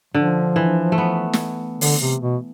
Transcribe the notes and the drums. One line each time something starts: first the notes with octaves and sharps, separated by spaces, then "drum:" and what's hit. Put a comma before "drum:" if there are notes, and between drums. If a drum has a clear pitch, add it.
D3 F3
E3
A3
B3
drum: snare
D3, drum: open hi-hat
C3
B2